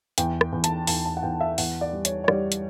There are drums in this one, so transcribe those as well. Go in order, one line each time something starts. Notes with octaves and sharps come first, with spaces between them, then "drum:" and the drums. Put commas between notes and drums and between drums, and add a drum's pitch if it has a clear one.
E2 G5, drum: hi-hat
drum: rim click
E2
A5, drum: hi-hat
E2 A5, drum: open hi-hat
A5
F#5
E2 G5
E5
E2 F#5, drum: open hi-hat
D5
G3
C#5, drum: hi-hat
C#5
G3 D5, drum: rim click
drum: hi-hat